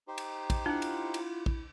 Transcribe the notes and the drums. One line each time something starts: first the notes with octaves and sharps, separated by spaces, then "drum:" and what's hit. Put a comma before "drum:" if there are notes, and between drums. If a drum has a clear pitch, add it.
D#4 G4 C5
drum: cymbal
drum: kick, cymbal
D4 E4 F4 F#5
drum: cymbal
drum: cymbal
drum: kick